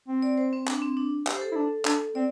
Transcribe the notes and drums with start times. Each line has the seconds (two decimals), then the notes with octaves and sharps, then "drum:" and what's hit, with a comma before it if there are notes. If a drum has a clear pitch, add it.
0.08 C4
0.22 D5
0.38 C5
0.53 C4
0.68 D4, drum: clap
0.82 C4
0.97 D4
1.27 G4, drum: clap
1.36 C5
1.41 A4
1.52 E4
1.56 D4
1.85 D4, drum: clap
2.15 C4 D5